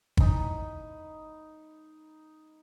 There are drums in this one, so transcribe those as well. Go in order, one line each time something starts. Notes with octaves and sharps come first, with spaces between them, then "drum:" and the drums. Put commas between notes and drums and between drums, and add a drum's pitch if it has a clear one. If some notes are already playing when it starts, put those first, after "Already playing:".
D#4 B5, drum: kick